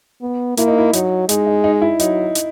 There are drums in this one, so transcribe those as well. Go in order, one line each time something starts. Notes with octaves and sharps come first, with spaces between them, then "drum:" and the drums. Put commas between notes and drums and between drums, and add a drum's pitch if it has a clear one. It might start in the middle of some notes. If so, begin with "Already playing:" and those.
B3
A#3 E4, drum: hi-hat
D#4
E4
F#3 D#4, drum: hi-hat
G#3 D#4, drum: hi-hat
D#4
D#4
E4
F#3 D#4, drum: hi-hat
drum: hi-hat